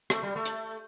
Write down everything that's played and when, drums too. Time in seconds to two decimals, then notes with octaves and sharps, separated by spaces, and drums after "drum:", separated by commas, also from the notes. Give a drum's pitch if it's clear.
0.10 A3, drum: rim click
0.23 G3
0.36 A3
0.46 drum: hi-hat